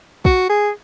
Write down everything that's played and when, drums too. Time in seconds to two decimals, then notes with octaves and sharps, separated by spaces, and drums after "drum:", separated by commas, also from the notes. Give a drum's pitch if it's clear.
0.25 F#4, drum: kick
0.49 G#4